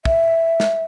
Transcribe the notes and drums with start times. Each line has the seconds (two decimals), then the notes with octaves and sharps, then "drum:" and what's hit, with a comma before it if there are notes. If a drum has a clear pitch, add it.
0.05 E5, drum: kick
0.60 drum: snare